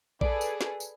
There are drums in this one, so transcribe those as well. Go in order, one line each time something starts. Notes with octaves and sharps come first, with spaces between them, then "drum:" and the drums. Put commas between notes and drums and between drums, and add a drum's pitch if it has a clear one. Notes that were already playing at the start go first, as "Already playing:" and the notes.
G#4 A4 B4 D5, drum: kick A#1
drum: tambourine
drum: snare
drum: tambourine